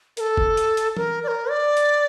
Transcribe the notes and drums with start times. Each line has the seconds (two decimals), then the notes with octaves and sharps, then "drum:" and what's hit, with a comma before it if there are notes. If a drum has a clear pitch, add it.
0.17 A#4, drum: hi-hat
0.20 A4
0.37 drum: kick F#1
0.57 drum: hi-hat
0.77 drum: hi-hat
0.97 A#4, drum: tom E3
1.24 D5
1.28 A#4
1.50 D5
1.77 drum: hi-hat